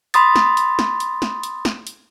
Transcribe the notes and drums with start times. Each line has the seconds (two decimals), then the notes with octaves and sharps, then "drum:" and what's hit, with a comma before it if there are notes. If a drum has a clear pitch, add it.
0.14 B5 C6 D#6 A6, drum: hi-hat
0.36 drum: snare
0.57 drum: hi-hat
0.79 drum: snare
1.00 drum: hi-hat
1.22 drum: snare
1.43 drum: hi-hat
1.65 drum: snare
1.87 drum: hi-hat